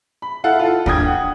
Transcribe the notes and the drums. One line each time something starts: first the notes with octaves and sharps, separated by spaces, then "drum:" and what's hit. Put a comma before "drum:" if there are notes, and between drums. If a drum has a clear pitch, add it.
B5
E4 A4 F5 F#5
F4 A4
A#1 G2 G5 D#6 G#6, drum: kick
F#5